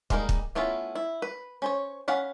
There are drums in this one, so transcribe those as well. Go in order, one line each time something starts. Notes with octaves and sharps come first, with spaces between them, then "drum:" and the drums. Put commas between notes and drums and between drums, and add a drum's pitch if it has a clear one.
G3 G#3 A#3 D#4 A#4, drum: kick
drum: kick
A3 B3 C#4 E4 F4
E4
B4
C#4 C5 C#5
C#4 F5 F#5 B5